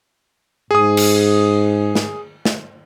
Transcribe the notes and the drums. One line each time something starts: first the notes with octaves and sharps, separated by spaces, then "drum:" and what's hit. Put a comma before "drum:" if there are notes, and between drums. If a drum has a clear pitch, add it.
G#2 G#4 D#6
drum: cymbal
drum: snare
drum: snare